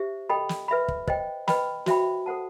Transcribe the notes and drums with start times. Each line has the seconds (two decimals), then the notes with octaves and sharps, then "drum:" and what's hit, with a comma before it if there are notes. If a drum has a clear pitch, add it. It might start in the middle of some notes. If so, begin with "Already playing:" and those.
Already playing: G4 C5 E5
0.29 A4 D#5 G5 B5
0.49 drum: snare
0.68 B4 E5 B5
0.88 drum: kick
1.07 C5 D#5 G5, drum: kick
1.48 B4 D#5 G5 B5, drum: snare
1.86 F#4 C5 E5 G5 B5, drum: snare
2.26 A4 C5 F#5 A5